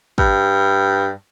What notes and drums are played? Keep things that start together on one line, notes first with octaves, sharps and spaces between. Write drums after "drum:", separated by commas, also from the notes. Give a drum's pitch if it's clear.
G2, drum: kick